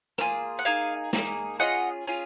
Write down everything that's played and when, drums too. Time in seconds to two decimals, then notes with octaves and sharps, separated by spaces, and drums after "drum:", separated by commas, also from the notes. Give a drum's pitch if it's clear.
0.18 A#3 F4 G#4, drum: rim click
0.59 F#5
0.65 A#3 D#4 G#4 F5 G#5
1.13 A#3 D#4 G#4, drum: snare
1.59 C#4 F4 G#4 D#5 F#5
2.07 C#4 F4 G#4